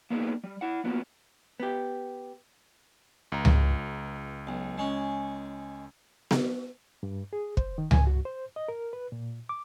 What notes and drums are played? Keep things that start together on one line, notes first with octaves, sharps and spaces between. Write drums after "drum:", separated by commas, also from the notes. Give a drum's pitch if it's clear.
A#3 B3 D4 D#4 G#4 A4
G3
E4 F#5
A#3 B3 D4 F4 F#4
B3 G4
C#2 A#5
drum: tom C#2
B1
G#3 C#4
drum: snare B3
G2
G#4
C5, drum: kick
D#3
G#5, drum: tom C#2
F#4
C5
D#5
A#4
B4
A#2
D6